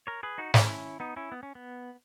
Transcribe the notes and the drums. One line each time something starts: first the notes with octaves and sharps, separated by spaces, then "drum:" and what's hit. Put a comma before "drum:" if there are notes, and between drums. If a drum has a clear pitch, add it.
A#4 C#5
G#4 B4
D#4 F#4
C#4 E4, drum: snare
B3 D#4
C#4 E4
B3
C#4
B3